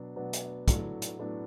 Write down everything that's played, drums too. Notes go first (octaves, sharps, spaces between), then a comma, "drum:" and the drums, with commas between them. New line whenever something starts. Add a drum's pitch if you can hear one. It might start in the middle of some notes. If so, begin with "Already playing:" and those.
Already playing: B2 F#3 B3 D4
B2 F#3 B3 D4
drum: hi-hat
A2 F#3 B3 D4 A4, drum: kick, hi-hat
drum: hi-hat
A2 F#3 B3 D4 A4